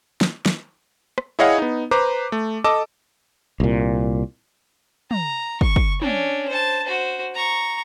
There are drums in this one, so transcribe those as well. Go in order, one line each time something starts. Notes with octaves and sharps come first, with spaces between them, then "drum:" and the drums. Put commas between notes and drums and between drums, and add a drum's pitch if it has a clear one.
drum: snare
drum: snare
drum: rim click
E4 G#4 C#5 D#5 F5 F#5
B3 D#4
B4 C5 A#5 D6
A3
A4 D#5 A5 D6 E6
C2 A#2
A#5, drum: tom
C#6, drum: kick
drum: kick
C#4 D4, drum: tom
C5 A5
F#4 C5
A#5 C#6